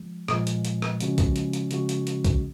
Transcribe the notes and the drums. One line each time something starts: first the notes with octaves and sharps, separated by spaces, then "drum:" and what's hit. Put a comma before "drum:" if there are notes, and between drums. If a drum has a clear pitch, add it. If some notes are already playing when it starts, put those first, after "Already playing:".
Already playing: F3 G#3
A#2 F3 G#3, drum: rim click
drum: hi-hat
drum: hi-hat
drum: rim click
C#3 F3 G#3 C#4 F#4, drum: hi-hat
drum: kick B1, hi-hat
drum: hi-hat
drum: hi-hat
C#3 F3 G#3 C#4 F#4, drum: hi-hat
drum: hi-hat
drum: hi-hat
drum: kick B1, hi-hat